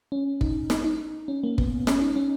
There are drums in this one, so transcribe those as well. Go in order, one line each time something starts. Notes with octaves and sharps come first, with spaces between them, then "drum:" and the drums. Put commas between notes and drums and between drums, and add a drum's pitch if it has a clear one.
C#4
D#4, drum: kick
D#4, drum: snare
D#4
C#4
A#3
B3, drum: kick
C#4, drum: snare
D#4
C#4